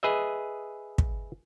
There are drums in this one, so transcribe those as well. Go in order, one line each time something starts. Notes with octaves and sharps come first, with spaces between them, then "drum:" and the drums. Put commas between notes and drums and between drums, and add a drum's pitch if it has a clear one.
G#4 B4 D#5 E5
drum: kick